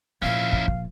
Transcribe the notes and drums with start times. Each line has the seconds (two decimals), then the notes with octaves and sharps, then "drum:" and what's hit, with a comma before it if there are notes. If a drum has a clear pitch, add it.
0.22 A#2 F3 C#4 E4 F5
0.53 drum: kick
0.68 drum: kick